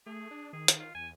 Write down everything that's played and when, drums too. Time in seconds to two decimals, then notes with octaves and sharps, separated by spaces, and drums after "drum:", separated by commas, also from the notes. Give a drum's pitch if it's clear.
0.06 A3 G#4
0.31 D4
0.53 D#3 G#4
0.68 drum: hi-hat
0.80 F4
0.95 E2 G#5